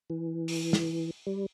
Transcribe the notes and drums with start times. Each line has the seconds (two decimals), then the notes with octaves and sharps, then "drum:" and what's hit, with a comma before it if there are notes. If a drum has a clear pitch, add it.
0.10 E3
0.48 drum: open hi-hat
0.73 drum: snare
1.27 G3